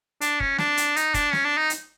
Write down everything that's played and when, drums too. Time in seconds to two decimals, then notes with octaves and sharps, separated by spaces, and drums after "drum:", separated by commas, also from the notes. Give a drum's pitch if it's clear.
0.21 D4, drum: hi-hat
0.40 C#4, drum: kick
0.58 D4, drum: snare
0.77 drum: hi-hat
0.96 D#4, drum: hi-hat
1.14 D4, drum: kick, hi-hat
1.33 C#4, drum: snare
1.45 D4
1.57 D#4
1.70 drum: hi-hat